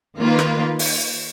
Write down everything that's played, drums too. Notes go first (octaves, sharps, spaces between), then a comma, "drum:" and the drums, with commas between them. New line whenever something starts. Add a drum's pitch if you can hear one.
D#3 A#3 F4 B4
drum: rim click
drum: open hi-hat